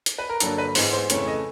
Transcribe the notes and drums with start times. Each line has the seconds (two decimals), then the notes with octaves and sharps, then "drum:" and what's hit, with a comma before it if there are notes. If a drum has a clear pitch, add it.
0.06 drum: hi-hat
0.18 B4
0.30 A#4
0.40 G2 D3 F#3 A#3 A4, drum: hi-hat
0.58 B4
0.75 G#2 E3 G#3 B3 C5, drum: open hi-hat
0.93 C5
1.10 F2 C#3 E3 A3 C#5, drum: hi-hat
1.27 D#5